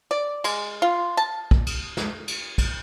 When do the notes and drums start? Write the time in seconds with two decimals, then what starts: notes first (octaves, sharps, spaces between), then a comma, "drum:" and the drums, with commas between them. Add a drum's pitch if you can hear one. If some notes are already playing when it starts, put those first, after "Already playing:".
0.11 D5
0.44 G#3, drum: cymbal
0.82 F4
1.17 A5
1.51 drum: kick
1.66 drum: cymbal
1.97 drum: snare
2.28 drum: cymbal
2.58 drum: kick, cymbal